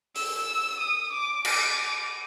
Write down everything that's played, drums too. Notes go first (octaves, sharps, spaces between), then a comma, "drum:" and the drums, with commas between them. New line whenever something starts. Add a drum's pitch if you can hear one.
E6, drum: open hi-hat
D#6
D6
D6, drum: cymbal